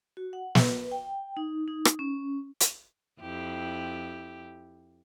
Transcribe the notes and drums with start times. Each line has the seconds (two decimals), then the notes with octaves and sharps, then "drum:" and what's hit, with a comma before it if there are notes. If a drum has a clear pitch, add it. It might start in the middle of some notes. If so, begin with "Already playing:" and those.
0.17 F#4
0.33 F#5
0.55 B4, drum: snare
0.91 G5
1.37 D#4
1.68 D#4
1.85 drum: rim click
1.99 C#4
2.60 drum: hi-hat
3.21 F2 E4 G4